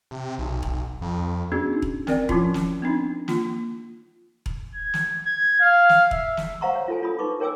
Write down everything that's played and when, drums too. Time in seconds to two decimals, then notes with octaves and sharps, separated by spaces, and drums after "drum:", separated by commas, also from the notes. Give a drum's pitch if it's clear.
0.11 C3
0.39 B1
0.63 drum: kick E1
1.02 F2
1.52 B3 C#4 D4 F#4 G#4
1.73 D#4
1.82 drum: kick E1
2.07 C4 A#4 D5 G5, drum: snare
2.29 F3 C#4 E4 F4, drum: kick E1
2.54 drum: snare
2.82 B3 C4 D4 D#4
3.28 A#3 F4, drum: snare
4.46 drum: kick E1
4.75 G#6
4.94 drum: snare
5.26 G#6
5.61 F5
5.89 drum: snare
6.11 E5, drum: kick E1
6.37 drum: snare
6.61 C5 F5 F#5 A#5 C6 C#6
6.75 C#5
6.88 F4 A4 G#5
7.02 D4 F4 B5 D#6
7.19 D#4 B4 C#6 D6
7.40 A#4 C#5 G5 G#5 D6 E6